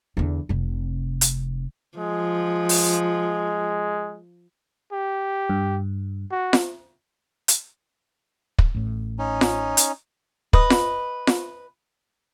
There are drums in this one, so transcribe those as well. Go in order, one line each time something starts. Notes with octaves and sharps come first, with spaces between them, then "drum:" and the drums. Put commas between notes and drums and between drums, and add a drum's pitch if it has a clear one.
E2 D3
F1 C3
drum: hi-hat
F3 G#3
drum: open hi-hat
G4
G2
F#4
drum: snare F4
drum: hi-hat
drum: kick
A1 A2
C#4 D#4
drum: snare F4
drum: hi-hat
B4 D#5, drum: kick
drum: snare F4
drum: snare F4